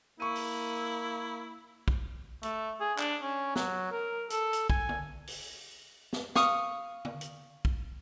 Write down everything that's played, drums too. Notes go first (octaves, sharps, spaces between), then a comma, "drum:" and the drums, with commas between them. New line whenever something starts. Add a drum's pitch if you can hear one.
A#3 E4 C#6 D#7
drum: open hi-hat
drum: kick
A3, drum: hi-hat
G#4
D4, drum: clap
C#4
F#3, drum: snare
A#4
A4, drum: hi-hat
drum: hi-hat
G#5, drum: kick
drum: tom
drum: open hi-hat
drum: snare
F5 C#6 D#6, drum: snare
drum: tom
drum: hi-hat
drum: kick